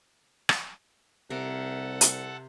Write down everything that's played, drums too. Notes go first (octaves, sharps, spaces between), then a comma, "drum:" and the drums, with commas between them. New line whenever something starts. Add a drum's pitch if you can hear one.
drum: rim click
C2 C3 A4 A#4 F#5
drum: hi-hat